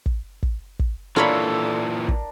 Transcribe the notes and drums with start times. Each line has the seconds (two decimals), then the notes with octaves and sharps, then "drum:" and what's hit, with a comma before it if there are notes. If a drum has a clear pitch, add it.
0.06 drum: kick
0.43 drum: kick
0.79 drum: kick
1.16 A#2 E3 D4 F4 A4 A#4 C#5 B5
2.08 drum: kick